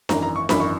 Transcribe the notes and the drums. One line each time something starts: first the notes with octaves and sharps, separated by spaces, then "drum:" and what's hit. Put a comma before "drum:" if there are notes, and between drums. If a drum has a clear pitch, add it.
G#1 F#2 E3 A#5, drum: snare D4
A#5
C#6
G#1 F#2 E3 B5, drum: snare D4
C#6